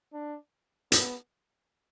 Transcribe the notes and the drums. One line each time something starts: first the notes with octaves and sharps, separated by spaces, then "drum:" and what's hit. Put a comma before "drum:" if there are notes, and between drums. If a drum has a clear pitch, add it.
D4
B3, drum: hi-hat